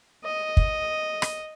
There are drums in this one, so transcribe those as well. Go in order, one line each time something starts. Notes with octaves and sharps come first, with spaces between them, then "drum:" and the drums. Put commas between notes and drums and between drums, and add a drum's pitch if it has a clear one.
D#5
drum: kick
drum: rim click